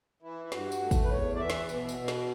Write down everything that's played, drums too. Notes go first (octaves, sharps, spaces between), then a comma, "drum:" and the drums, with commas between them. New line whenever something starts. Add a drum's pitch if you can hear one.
E3 E4
E4
G2 F#4, drum: snare
drum: tambourine
A3
drum: kick, tambourine
B4
E2 C#5
D5
E3 E5
drum: snare
B2, drum: tambourine
drum: tambourine
B2
drum: snare